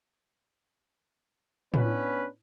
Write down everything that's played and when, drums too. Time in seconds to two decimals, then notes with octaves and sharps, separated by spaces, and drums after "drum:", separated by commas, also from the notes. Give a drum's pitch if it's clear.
1.74 B3 C#4 D4 B4, drum: tom A2